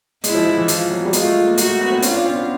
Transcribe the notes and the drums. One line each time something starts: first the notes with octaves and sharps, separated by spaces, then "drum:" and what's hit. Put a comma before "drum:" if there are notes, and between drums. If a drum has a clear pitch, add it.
G#3 E4, drum: hi-hat
F3
F3
E3
F3 F4, drum: hi-hat
F#3
G3
G#3 F4, drum: hi-hat
A3
A#3
A3 F#4, drum: hi-hat
A3
B3
C4
C#4 F4, drum: hi-hat
D4
C4
B3